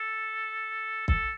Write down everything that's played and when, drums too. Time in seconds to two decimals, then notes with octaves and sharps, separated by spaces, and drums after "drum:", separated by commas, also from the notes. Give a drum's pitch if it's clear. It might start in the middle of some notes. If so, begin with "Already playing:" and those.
Already playing: A4
1.08 A4, drum: kick